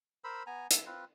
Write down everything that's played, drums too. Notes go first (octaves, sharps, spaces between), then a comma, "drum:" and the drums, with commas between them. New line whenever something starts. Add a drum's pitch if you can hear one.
A#4 C5 B5 E6
B3 G#5 A#5
E5, drum: hi-hat
C4 F4 B4